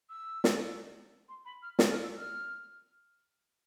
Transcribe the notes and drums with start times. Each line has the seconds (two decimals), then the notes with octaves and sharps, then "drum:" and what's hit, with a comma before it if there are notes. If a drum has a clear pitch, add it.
0.09 E6
0.44 drum: snare
1.28 C6
1.45 B5
1.62 F6
1.79 E6, drum: snare
1.91 F6
2.04 E6
2.17 F6